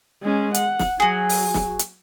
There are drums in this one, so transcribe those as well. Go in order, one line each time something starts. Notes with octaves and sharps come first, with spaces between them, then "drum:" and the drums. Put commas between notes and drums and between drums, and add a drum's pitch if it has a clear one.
G#3 C#4
F#5, drum: hi-hat
drum: snare
F#3 F#4 G#4
drum: open hi-hat
drum: snare
drum: hi-hat